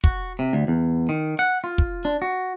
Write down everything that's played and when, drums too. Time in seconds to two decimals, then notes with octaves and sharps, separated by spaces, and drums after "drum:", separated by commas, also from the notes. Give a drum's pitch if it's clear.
0.04 F#4, drum: kick
0.39 C3
0.53 D2
0.68 E2
1.09 D#3
1.39 F#5
1.64 F4
1.78 drum: kick
2.05 D4
2.22 F#4